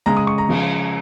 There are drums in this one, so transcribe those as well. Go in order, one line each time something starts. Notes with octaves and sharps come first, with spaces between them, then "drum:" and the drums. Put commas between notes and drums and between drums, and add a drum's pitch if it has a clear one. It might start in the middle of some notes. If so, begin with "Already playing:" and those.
C#3 G#3 A#5
D#6
C#6
A#5
C#3 F3 G#3, drum: cymbal